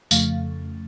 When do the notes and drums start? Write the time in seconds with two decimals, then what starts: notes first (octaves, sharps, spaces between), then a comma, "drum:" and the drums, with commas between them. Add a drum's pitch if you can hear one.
0.11 F2 C#3 F3 A3 F5, drum: tambourine